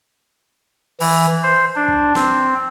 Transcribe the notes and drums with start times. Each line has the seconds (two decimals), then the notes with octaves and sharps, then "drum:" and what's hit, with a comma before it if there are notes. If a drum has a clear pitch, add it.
1.00 E3, drum: open hi-hat
1.43 C5
1.76 D4
1.88 drum: kick
2.15 C4, drum: snare